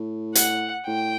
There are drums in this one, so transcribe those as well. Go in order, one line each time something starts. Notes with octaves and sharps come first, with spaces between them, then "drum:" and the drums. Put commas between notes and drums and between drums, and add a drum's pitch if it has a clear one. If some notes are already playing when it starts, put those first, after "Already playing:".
Already playing: A2
F#5, drum: hi-hat
A2 G5